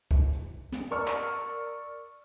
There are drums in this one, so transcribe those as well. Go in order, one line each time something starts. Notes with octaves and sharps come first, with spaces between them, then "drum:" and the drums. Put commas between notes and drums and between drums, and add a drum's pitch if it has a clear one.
drum: kick C2
drum: hi-hat
drum: snare
A#4 D5 C#6 E6 F6
drum: clap